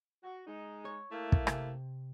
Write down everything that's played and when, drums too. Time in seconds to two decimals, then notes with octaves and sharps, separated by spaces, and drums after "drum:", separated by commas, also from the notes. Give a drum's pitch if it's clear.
0.23 F#4
0.47 G#3 D#4
0.85 C#5
1.12 A3 A#3 E4
1.32 drum: kick
1.47 C3, drum: rim click